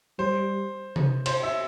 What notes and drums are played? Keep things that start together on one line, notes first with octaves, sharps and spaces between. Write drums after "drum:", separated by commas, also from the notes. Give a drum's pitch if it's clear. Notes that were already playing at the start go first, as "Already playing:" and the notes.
G3 C5
drum: tom C3
C5, drum: cymbal
E5